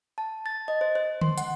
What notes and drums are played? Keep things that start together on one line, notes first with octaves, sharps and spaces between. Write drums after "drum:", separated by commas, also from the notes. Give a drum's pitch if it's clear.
A5
A6
D#5
C5
C5
C6, drum: tom D3
F#5, drum: hi-hat